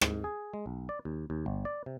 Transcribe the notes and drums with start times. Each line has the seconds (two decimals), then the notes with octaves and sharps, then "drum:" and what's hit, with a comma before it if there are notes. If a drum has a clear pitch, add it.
0.01 G#2, drum: rim click
0.24 G#4
0.54 G#3
0.66 B1
0.89 D5
1.05 D#2
1.30 D#2
1.46 G1
1.65 D5
1.86 C3